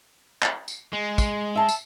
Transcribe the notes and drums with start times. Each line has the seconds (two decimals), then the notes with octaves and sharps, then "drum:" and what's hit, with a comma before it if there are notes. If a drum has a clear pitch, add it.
0.43 drum: clap
0.68 drum: tambourine
0.93 G#3
1.18 drum: kick, tambourine
1.55 E5 A5
1.69 drum: tambourine